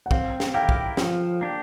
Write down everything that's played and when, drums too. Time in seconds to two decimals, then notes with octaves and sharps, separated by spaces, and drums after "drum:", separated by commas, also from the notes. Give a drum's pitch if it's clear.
0.06 F#5
0.11 C4 F5 G5, drum: kick
0.40 drum: snare
0.54 E4 G4 A#4 F5 G5
0.69 drum: kick
0.97 F3, drum: snare
1.41 A#3 D4 G4